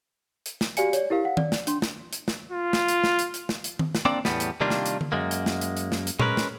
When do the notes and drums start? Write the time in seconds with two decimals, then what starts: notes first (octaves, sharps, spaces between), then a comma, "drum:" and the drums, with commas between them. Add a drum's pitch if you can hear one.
0.46 drum: hi-hat
0.61 drum: snare
0.77 F#4 G4 D5 F5 G#5 C#7, drum: hi-hat
0.93 C#5 D5, drum: hi-hat
1.10 E4 G4 A#4 F5
1.25 F5 F#5
1.37 D5, drum: tom D#3
1.52 drum: snare
1.67 D4 C6, drum: hi-hat
1.82 drum: snare
2.13 drum: hi-hat
2.28 drum: snare
2.51 F4
2.73 drum: snare
2.88 drum: hi-hat
3.04 drum: snare
3.19 drum: hi-hat
3.34 drum: hi-hat
3.49 drum: snare
3.64 drum: hi-hat
3.79 drum: tom D#3
3.95 drum: snare
4.05 A#3 C4 D4 D5
4.25 E2 A2 G3 B3, drum: snare
4.40 drum: hi-hat
4.61 C3 D#3 G3 A#3 D4 F4
4.70 drum: snare
4.86 drum: hi-hat
5.01 drum: tom D3
5.12 F#2 G#3 A#3
5.31 drum: hi-hat
5.46 drum: snare
5.61 drum: hi-hat
5.77 drum: hi-hat
5.92 drum: snare
6.07 drum: hi-hat
6.20 G#3 C#4 A#4 B4, drum: tom A#2
6.37 drum: snare